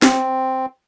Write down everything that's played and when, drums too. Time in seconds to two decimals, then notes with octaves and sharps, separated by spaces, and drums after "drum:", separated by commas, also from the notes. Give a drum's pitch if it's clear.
0.02 C4, drum: snare